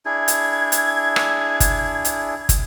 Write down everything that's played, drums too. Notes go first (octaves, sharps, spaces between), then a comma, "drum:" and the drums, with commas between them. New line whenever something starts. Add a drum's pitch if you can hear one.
D4 E4 G#4 G#6
drum: hi-hat
drum: hi-hat
drum: rim click
drum: kick, hi-hat
drum: hi-hat
drum: kick, hi-hat